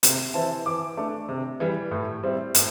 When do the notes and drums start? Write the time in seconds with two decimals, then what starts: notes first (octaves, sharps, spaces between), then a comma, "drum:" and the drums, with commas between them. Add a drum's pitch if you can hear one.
0.03 C3, drum: hi-hat
0.34 E3 C4 E4 A5
0.66 E3 D6
0.97 A3 D4
1.29 C3
1.60 E3 G3
1.91 A2
2.23 G3 C4 E4
2.54 A2, drum: hi-hat